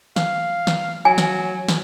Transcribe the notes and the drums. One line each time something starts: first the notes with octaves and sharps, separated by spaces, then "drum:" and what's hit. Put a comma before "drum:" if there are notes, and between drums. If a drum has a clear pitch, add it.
F5, drum: snare
drum: snare
F#3 G#5
drum: snare
drum: snare